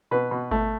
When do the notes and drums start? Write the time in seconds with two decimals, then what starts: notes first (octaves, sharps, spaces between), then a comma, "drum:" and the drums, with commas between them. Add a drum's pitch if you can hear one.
0.11 B2 B4
0.31 B2
0.51 A3, drum: kick G#1